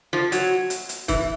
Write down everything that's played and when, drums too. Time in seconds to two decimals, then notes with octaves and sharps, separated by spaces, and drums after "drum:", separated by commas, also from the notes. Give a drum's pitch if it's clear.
0.13 F3
0.32 F#3, drum: hi-hat
0.70 drum: hi-hat
0.89 drum: hi-hat
1.08 E3, drum: kick, hi-hat